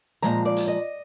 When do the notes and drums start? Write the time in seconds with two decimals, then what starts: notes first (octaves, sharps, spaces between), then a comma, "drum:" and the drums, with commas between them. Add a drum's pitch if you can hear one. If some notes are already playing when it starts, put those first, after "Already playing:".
0.22 A#2 F3 G#3 A#5, drum: snare
0.45 D5
0.57 drum: hi-hat
0.68 D#5